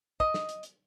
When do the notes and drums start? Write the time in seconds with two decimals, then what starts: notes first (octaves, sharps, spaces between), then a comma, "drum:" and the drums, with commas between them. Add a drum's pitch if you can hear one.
0.20 D#5, drum: kick
0.34 drum: snare
0.49 drum: hi-hat
0.63 drum: hi-hat